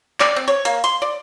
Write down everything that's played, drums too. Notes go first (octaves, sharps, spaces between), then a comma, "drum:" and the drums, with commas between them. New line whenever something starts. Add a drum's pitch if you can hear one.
D5, drum: clap
C4
C#5
A#3, drum: hi-hat
C6, drum: hi-hat
D5